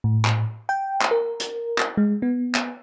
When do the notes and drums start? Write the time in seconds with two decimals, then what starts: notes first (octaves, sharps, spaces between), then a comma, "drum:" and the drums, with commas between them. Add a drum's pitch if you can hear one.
0.04 A2
0.25 drum: clap
0.69 G5
1.02 drum: clap
1.11 A#4
1.40 drum: hi-hat
1.78 drum: clap
1.97 G#3
2.22 B3
2.55 drum: clap